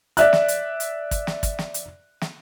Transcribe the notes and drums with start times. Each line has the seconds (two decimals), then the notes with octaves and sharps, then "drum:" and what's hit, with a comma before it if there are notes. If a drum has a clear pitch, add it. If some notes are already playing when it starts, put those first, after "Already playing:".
0.17 D5 E5 F#6, drum: hi-hat
0.33 drum: snare
0.48 drum: hi-hat
0.80 drum: hi-hat
1.11 drum: kick, hi-hat
1.27 drum: snare
1.43 drum: kick, hi-hat
1.59 drum: snare
1.74 drum: hi-hat
2.21 drum: snare